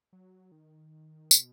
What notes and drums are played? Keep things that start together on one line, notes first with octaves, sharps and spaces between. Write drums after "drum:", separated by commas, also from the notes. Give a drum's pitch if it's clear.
F#3
D#3
B2, drum: tambourine